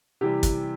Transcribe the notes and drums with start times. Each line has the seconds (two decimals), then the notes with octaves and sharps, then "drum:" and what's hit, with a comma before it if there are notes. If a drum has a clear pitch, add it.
0.21 C3 E3 G3 G4
0.43 drum: kick, hi-hat